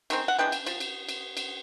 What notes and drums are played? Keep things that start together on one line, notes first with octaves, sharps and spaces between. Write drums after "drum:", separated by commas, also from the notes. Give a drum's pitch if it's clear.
D#3 G#3 C4, drum: cymbal
F#5
E3 G#3 B3 D4 G5
drum: cymbal
F3, drum: cymbal
drum: cymbal
drum: cymbal
drum: cymbal